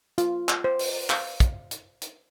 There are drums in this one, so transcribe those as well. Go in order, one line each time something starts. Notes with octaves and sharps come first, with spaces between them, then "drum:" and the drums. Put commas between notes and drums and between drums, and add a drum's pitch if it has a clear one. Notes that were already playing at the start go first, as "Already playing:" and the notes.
F4, drum: hi-hat
drum: clap
C5
drum: open hi-hat
F5, drum: clap
drum: kick, hi-hat
drum: hi-hat
drum: hi-hat